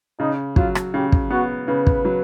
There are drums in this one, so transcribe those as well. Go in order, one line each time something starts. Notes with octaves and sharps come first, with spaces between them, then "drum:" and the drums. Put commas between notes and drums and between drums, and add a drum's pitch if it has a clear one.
C#3 D#4
F#3 F4, drum: kick
drum: rim click
C#3 G4
drum: kick
B3 F#4
C#3 B4
drum: kick
F#3